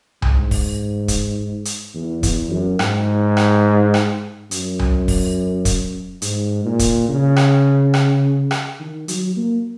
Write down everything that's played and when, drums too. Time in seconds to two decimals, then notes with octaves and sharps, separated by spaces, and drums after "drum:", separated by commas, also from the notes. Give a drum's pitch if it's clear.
0.22 G#2, drum: tom C2
0.51 drum: kick, open hi-hat
1.08 drum: kick, hi-hat
1.65 drum: hi-hat
1.94 E2
2.23 E2, drum: kick, hi-hat
2.51 F#2
2.79 G#2, drum: rim click
3.37 drum: rim click
3.94 drum: rim click
4.51 F#2, drum: hi-hat
4.79 drum: tom C2
5.08 drum: kick, open hi-hat
5.65 drum: kick, hi-hat
6.22 G#2, drum: hi-hat
6.65 A#2
6.79 drum: kick, hi-hat
7.08 C#3
7.36 drum: rim click
7.94 drum: rim click
8.51 drum: rim click
8.79 D#3
9.08 F#3, drum: hi-hat
9.36 A#3